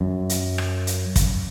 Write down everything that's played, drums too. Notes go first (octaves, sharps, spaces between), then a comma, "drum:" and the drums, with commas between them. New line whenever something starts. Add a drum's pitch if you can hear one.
F#2
drum: hi-hat
drum: rim click
drum: hi-hat
drum: kick, hi-hat